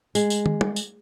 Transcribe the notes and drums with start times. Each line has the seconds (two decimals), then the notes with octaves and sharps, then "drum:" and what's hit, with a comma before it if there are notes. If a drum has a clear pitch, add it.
0.15 G#3, drum: tambourine
0.30 drum: tambourine
0.46 drum: tom
0.61 drum: tom
0.76 drum: tambourine